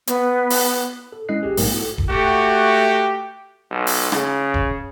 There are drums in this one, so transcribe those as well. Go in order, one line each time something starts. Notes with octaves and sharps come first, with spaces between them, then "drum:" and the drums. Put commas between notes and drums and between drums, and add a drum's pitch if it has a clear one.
B3, drum: hi-hat
drum: open hi-hat
A4
G#3 C#4 E4 D#5 F#6 C7
A#1 G4 G#4
B1 G#2 A3 B3 A#4, drum: open hi-hat
E4 F#4 A4
drum: kick D#1
A3 F#4 G4
B1
drum: open hi-hat
C#3, drum: rim click
drum: kick D#1